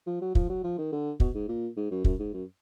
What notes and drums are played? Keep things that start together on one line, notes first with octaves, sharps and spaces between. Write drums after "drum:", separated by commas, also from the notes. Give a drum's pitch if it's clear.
F3
F#3
F3, drum: kick
F#3
F3
D#3
D3
B2, drum: kick
G#2
A#2
G#2
F#2
F#2, drum: kick
G#2
F#2